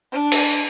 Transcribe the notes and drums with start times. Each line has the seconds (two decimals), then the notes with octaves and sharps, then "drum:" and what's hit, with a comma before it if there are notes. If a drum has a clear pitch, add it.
0.12 D4
0.32 drum: cymbal